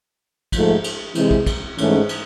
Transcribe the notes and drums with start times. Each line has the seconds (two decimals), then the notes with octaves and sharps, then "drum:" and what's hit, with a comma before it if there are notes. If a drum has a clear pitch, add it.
0.52 G#2 F3 A3, drum: kick, cymbal
0.84 drum: cymbal
1.15 C3 E3 G#3 C4 E4, drum: cymbal
1.31 drum: kick
1.46 drum: kick, cymbal
1.78 G#2 E3 A3 C#4, drum: cymbal
2.09 drum: cymbal